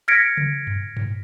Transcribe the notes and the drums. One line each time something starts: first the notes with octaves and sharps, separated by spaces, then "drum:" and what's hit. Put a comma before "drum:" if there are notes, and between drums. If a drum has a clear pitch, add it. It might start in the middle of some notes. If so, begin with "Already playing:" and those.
F6 G#6 A#6 B6 C#7 D7
drum: tom C#3
drum: tom G2
drum: tom G2